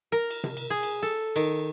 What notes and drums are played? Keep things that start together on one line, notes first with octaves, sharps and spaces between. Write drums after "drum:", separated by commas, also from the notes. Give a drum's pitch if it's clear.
A#4
drum: cymbal
drum: tom C3
drum: cymbal
G#4
drum: cymbal
A4
D#3, drum: cymbal